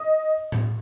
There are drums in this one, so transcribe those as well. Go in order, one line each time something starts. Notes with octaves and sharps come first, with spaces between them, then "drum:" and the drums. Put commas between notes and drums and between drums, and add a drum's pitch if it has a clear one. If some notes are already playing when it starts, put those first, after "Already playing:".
Already playing: D#5
drum: tom A2